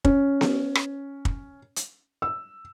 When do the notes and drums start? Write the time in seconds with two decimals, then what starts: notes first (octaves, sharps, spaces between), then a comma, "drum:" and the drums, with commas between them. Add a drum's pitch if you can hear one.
0.05 C#4, drum: kick
0.41 drum: snare B3
0.75 drum: rim click
1.25 drum: kick
1.76 drum: hi-hat
2.22 E6